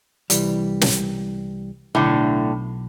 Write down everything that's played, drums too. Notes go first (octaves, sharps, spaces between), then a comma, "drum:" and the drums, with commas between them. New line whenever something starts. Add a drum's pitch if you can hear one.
C2 E3 G3, drum: hi-hat
drum: snare
B1 A2 D3